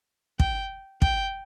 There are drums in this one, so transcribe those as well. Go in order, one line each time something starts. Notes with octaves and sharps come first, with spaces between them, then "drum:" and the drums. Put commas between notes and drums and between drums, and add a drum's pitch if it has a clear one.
G5, drum: kick
G5, drum: kick